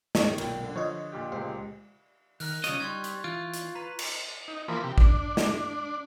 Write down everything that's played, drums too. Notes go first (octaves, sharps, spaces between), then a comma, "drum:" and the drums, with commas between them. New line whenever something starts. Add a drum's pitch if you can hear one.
D#3 C#5 D#7, drum: snare
B1 A#2 G5, drum: cymbal
D3
F3 C5 C#5 D#5
A#2 G4
C#2 G#3 C5
D#3 A#4 F6 F#6, drum: open hi-hat
C#3 G3 F4 C#5 D#5, drum: hi-hat
G3 D#4 C6 C#6 G#6
drum: hi-hat
E3 F4 D7
drum: hi-hat
B4 A#5
drum: cymbal
D#4
E3 F3 A#3 C5 B5
C3 G4
D4, drum: kick A1
drum: snare